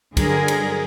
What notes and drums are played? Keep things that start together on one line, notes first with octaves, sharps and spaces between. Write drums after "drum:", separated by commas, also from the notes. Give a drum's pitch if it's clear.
G2 D3 F#3 G#4 A#4, drum: kick, cymbal
drum: cymbal